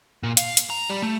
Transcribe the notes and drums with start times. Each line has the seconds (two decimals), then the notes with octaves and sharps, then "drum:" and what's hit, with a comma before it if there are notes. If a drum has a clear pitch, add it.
0.23 A#2
0.37 F5, drum: hi-hat
0.57 drum: hi-hat
0.70 A#5
0.89 G3
1.02 A3